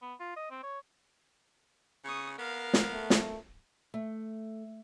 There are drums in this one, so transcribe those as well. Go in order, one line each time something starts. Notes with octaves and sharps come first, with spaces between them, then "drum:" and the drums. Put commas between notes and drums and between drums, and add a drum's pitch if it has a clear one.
B3
F4
D#5
C4
C#5
C#3 C#6 D#6
B3 A#4 F5
drum: snare
A3
drum: snare
A3